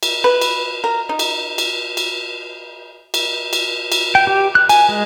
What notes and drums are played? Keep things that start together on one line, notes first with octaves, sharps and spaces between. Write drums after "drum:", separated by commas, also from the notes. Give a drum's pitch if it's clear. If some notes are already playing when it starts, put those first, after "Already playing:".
drum: cymbal
B4
drum: cymbal
A#4
D#4
drum: cymbal
drum: cymbal
drum: cymbal
drum: cymbal
drum: cymbal
drum: cymbal
G5
G4
F#6
G#5, drum: cymbal
G#3